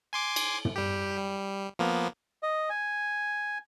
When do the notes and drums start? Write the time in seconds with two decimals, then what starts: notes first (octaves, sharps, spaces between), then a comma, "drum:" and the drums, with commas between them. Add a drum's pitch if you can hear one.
0.13 G#5 C6 D6
0.36 drum: cymbal
0.65 drum: tom
0.76 G3 G4
1.17 G3
1.79 F3 A#3 B3
2.43 D#5
2.70 G#5